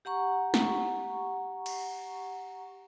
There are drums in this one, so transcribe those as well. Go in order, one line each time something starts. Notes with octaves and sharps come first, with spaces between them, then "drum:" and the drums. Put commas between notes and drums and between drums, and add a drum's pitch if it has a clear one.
G4 F#5 A#5 C#6
drum: snare
drum: cymbal